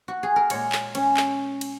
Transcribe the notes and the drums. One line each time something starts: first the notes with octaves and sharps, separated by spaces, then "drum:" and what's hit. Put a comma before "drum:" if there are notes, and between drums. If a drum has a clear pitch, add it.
F#4
G#4
A#4
A#2 G#3 C#5, drum: cymbal
drum: clap
C#4, drum: cymbal
drum: clap
drum: cymbal